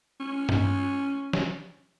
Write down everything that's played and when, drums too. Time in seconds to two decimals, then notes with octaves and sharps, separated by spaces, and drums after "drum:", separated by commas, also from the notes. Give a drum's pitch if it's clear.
0.20 C#4
0.49 drum: tom G2
1.33 drum: snare